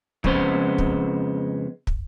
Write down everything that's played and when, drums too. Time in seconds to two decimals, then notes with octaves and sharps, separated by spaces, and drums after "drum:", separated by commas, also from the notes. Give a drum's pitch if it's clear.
0.24 F2 C#3 G#3 B3 F#4 C5, drum: kick
0.78 drum: kick
1.87 drum: kick